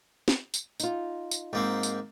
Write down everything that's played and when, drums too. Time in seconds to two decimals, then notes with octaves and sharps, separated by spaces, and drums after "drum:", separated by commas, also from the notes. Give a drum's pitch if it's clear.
0.28 drum: snare
0.54 drum: tambourine
0.80 D#4 F4, drum: tambourine
1.31 drum: tambourine
1.53 G#2 A#3 C4
1.83 drum: tambourine